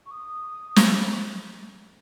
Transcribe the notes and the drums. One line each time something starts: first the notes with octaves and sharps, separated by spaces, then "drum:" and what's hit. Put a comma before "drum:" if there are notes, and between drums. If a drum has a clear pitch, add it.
C#6
D#6
drum: snare